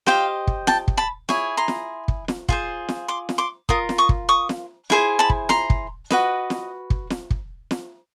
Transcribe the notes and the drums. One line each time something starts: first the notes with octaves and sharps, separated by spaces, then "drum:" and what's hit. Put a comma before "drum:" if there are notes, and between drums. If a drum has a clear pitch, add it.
G4 C5 D#5 F5 G5, drum: snare
drum: kick
G5 A5, drum: snare
drum: kick
A5 B5
E4 G#4 C#5, drum: snare
A#5 C6
drum: snare
drum: kick
drum: snare
F4 G#4 C5, drum: kick
drum: snare
C6 D6
drum: snare
C6 D6
F4 A#4 D#6, drum: kick
drum: snare
C#6 D#6
drum: kick
C#6 D#6
drum: snare
E4 G#4 C5, drum: snare
A5 B5
drum: kick
A#5 C6, drum: snare
drum: kick
F#4 B4 D#5, drum: snare
drum: snare
drum: kick
drum: snare
drum: kick
drum: snare